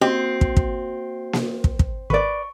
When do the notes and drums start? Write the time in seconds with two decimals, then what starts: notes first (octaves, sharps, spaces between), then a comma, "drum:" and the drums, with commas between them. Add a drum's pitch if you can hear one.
0.01 A#3 C4 C#4 F#4 G4 D#5
0.41 drum: kick
0.57 drum: kick
1.33 drum: snare A#3
1.64 drum: kick
1.79 drum: kick
2.10 G#1 A#4 B4 D5 C#6